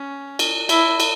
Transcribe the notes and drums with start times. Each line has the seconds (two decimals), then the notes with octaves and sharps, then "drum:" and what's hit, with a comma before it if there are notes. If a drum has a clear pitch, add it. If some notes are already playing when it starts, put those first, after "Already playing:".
Already playing: C#4
0.39 drum: cymbal
0.69 E4, drum: cymbal
1.00 drum: cymbal